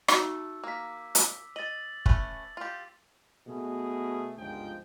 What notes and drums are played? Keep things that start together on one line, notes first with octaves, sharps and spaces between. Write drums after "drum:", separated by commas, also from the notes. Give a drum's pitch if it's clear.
A3 D#4 F#4 F#5 A5 E6, drum: rim click
A#3 D6 B6
drum: hi-hat
D#5 A6 F#7
A3 C#4 B4, drum: kick
F4 G4
B2 A3 G#4
G1 C#2 G#2 F3 G#3 G5